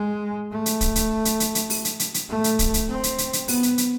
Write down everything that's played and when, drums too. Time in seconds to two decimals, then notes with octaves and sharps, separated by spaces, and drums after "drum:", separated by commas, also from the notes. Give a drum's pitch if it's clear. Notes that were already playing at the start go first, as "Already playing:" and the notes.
Already playing: G#3
0.52 A3
0.66 drum: hi-hat
0.81 drum: kick, hi-hat
0.95 drum: hi-hat
1.25 drum: hi-hat
1.40 drum: hi-hat
1.55 drum: hi-hat
1.70 drum: open hi-hat
1.85 drum: hi-hat
1.99 drum: hi-hat
2.14 drum: hi-hat
2.29 A3
2.44 drum: hi-hat
2.59 drum: kick, hi-hat
2.74 drum: hi-hat
2.88 C4
3.03 drum: hi-hat
3.18 drum: hi-hat
3.33 drum: hi-hat
3.48 B3, drum: open hi-hat
3.63 drum: hi-hat
3.78 drum: hi-hat